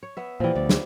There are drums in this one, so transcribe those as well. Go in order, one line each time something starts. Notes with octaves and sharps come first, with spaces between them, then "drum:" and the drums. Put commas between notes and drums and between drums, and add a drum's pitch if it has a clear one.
C#5
B3 E5
A#2 E3 F3 G3
D2 D5
drum: snare